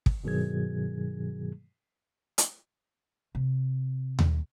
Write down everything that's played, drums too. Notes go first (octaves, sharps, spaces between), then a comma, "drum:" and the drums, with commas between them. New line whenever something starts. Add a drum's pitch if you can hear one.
drum: kick
G2 B2 D#3 F#3 G#4 G#6
drum: hi-hat
C3
drum: tom D#2